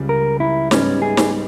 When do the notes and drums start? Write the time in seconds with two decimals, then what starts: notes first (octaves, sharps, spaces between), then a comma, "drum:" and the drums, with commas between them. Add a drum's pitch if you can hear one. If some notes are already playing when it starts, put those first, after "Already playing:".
Already playing: C#2 C#3 G3
0.09 A#4
0.40 E4
0.71 G#2 G3 B3 C#4 D#4, drum: snare
1.02 G#4
1.17 drum: snare